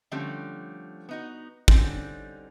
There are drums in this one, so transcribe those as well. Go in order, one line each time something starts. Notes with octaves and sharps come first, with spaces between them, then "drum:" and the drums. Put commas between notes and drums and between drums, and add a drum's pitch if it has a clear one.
D3 F3 G3 A3 C4 C#4
B3 D#4 F#4
D3 G3 C4 C#4 D#4, drum: kick